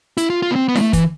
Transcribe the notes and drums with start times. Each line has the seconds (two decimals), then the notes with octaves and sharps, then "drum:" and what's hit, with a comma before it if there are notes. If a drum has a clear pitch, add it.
0.17 E4, drum: hi-hat
0.30 F4
0.42 F4
0.51 B3
0.56 C4
0.68 B3
0.75 G#3, drum: snare E4
0.81 A3
0.93 E3, drum: kick, hi-hat